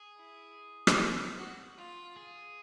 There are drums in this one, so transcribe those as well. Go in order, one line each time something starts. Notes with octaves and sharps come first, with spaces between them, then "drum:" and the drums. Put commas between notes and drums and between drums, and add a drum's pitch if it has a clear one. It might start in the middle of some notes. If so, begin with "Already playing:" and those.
Already playing: G#4
E4
drum: rim click
F#4
F4
G#4